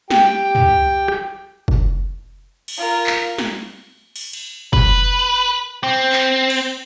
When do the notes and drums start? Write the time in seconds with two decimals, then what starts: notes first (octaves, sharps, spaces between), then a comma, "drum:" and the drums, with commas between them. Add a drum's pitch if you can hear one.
0.10 G4 G5, drum: snare
0.55 drum: tom
1.08 drum: rim click
1.68 drum: kick
2.68 drum: cymbal
2.77 F4 A#4
3.07 drum: clap
3.38 drum: snare
4.16 drum: open hi-hat
4.33 drum: cymbal
4.73 B4, drum: kick
5.83 C4
6.13 drum: clap
6.50 drum: cymbal